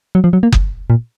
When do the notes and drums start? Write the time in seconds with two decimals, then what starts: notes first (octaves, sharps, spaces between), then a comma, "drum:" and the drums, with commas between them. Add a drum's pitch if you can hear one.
0.15 F#3
0.24 F3
0.33 F#3
0.43 A#3
0.52 drum: kick F#1
0.90 A#2